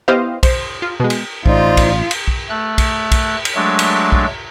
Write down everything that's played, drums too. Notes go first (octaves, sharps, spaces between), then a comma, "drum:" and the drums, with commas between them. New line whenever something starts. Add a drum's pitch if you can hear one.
B3 E4 G4 C5 D#5 F5
C5, drum: kick, cymbal
F4
B2 G#3
drum: cymbal
A1 D#4 F4 C5 D5, drum: kick
drum: kick, cymbal
drum: cymbal
drum: kick
A3 F#6
drum: kick, cymbal
drum: kick, cymbal
drum: cymbal
F#3 G#3 A3 D4
drum: cymbal
drum: kick